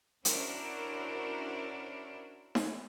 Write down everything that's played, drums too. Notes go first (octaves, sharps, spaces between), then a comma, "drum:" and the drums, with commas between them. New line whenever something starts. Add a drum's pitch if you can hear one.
C#4 D4 E4 F#4 A#4 C5, drum: hi-hat
drum: snare D#4